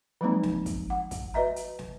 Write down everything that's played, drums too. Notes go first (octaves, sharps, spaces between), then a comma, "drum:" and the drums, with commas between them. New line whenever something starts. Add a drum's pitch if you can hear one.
F3 F#3 G#3 A#3 C4 D#4
drum: snare
drum: kick, hi-hat
F#5
drum: kick, hi-hat
F#4 B4 D#5 E5 A#5
drum: hi-hat
drum: snare